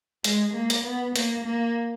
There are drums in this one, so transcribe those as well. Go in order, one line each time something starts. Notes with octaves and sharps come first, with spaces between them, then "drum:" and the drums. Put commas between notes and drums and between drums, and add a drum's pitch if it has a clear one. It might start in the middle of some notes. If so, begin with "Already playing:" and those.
G#3, drum: hi-hat
A#3
drum: hi-hat
B3
A#3, drum: hi-hat
A#3